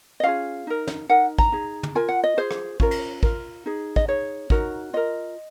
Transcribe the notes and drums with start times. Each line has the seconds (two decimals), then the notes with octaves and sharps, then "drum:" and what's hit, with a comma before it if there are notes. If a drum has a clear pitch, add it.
0.20 D#5
0.23 C#4 F4 G#4 F5
0.67 D#4 A#4
0.87 drum: snare
1.09 D#4 A#4 F#5
1.38 A#5, drum: kick
1.52 D#4 G#4
1.83 drum: tom
1.95 F4 A#4 G#5
2.08 F#5
2.24 D#5
2.37 F4 G#4 C5
2.51 drum: rim click
2.80 C#4 F4 A#4, drum: kick
2.91 drum: cymbal
3.23 F4 A#4, drum: kick
3.66 D#4 G#4
3.96 D#5, drum: kick
4.08 D#4 G#4 C#5
4.50 D#4 F#4 A#4, drum: kick
4.93 F4 A#4 D#5